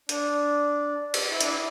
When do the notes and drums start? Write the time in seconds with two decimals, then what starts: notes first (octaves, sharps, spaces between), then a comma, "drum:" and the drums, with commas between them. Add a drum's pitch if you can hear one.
0.09 D4, drum: hi-hat
1.14 drum: cymbal
1.30 E4
1.41 D4, drum: hi-hat
1.50 E4